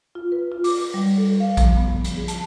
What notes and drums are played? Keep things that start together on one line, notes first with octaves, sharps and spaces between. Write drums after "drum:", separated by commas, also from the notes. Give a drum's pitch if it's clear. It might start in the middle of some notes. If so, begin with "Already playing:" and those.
F4
B4
F4
D6, drum: open hi-hat
G3
A4
F5
F3, drum: kick A#1, hi-hat
B3
drum: hi-hat
G#4
A5, drum: hi-hat